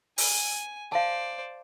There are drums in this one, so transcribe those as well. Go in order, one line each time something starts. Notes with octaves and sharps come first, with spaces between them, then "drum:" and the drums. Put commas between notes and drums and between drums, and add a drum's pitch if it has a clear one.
G#5, drum: open hi-hat
C5 D5 F5 A5